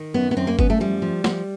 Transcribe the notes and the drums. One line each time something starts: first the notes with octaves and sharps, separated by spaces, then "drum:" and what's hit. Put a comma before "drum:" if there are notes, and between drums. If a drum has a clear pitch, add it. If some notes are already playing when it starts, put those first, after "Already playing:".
Already playing: D#3
F#2 B3
B3
F#2 C4
A#3
F#2 B3, drum: kick G1
A3
F3 G3
F3
F3, drum: snare